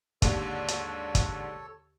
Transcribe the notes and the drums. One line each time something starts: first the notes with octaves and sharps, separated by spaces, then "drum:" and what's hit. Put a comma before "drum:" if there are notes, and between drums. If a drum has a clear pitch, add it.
D#2 G#2 D3 A4 C#5, drum: kick, hi-hat
drum: hi-hat
drum: kick, hi-hat